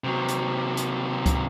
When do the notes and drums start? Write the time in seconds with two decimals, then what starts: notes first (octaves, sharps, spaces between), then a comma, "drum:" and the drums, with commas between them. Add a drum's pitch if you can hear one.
0.04 C3 F#3
0.28 drum: hi-hat
0.77 drum: hi-hat
1.26 drum: kick C#2, hi-hat